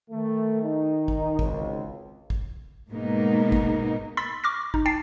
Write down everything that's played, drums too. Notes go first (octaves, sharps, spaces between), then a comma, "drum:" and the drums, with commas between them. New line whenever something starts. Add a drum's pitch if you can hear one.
D#3 A3
D#4
drum: kick
G#1 C#2, drum: kick
drum: kick
G#2 B2 G#3 A#3 B3 D#4
drum: kick
B5 C6 E6 A6 B6
C#6 D6 F6 A#6
D#4, drum: kick
G5 A5 A6 C7